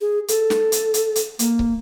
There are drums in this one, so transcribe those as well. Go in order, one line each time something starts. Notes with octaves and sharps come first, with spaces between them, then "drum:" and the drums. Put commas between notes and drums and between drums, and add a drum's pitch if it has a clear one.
G#4
A4, drum: hi-hat
drum: snare
drum: hi-hat
drum: hi-hat
drum: hi-hat
A#3, drum: hi-hat
drum: kick